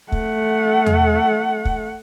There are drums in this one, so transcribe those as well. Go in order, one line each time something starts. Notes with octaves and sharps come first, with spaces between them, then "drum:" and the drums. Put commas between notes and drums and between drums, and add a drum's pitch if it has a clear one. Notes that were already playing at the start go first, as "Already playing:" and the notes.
A3 F#5, drum: kick
drum: tom E2
drum: kick